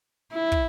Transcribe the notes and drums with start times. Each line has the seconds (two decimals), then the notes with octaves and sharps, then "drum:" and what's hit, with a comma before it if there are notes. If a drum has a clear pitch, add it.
0.33 E4
0.52 drum: kick